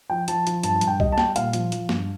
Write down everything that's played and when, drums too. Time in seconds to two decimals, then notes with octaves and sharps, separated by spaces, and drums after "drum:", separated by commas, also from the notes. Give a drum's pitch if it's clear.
0.10 F3 G5
0.28 F3 A5, drum: hi-hat
0.47 F3, drum: hi-hat
0.63 G2 A5, drum: hi-hat
0.76 A5
0.81 G2, drum: hi-hat
0.87 G5
1.00 G3 D#5, drum: kick C2
1.12 A5
1.18 G3 G5, drum: snare
1.36 A#2 F5, drum: hi-hat
1.53 F3, drum: hi-hat
1.72 F3, drum: hi-hat
1.89 G2, drum: snare